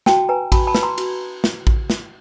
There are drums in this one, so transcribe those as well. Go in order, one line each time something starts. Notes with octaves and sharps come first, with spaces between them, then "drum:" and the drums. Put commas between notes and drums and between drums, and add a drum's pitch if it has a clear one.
F#4 G5 A5, drum: snare
B4 G#5 A#5
F#4 A5 B5, drum: kick A1, cymbal
A5 B5
B4, drum: snare
A#5 C6
F#4, drum: cymbal
drum: snare
drum: kick A1
drum: snare